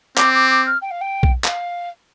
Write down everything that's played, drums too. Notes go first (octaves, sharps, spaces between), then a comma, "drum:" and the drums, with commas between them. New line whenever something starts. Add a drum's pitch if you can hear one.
C4 D6, drum: clap
D6
D6
F6
G5
F5
G5
drum: kick B1
F5, drum: clap